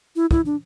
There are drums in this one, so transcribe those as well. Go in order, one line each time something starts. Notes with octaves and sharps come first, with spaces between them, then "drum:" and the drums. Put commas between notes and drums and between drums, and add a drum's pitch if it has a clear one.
E4
E4, drum: kick
D4